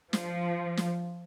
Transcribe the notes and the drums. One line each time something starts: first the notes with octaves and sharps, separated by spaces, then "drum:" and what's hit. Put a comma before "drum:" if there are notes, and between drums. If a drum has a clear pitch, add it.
F3, drum: snare
drum: snare